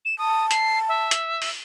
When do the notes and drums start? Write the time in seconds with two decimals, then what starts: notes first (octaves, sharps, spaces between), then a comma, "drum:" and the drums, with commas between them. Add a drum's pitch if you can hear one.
0.05 E7
0.19 A5 D#6
0.51 C7, drum: hi-hat
0.89 E5
1.11 drum: hi-hat
1.42 drum: open hi-hat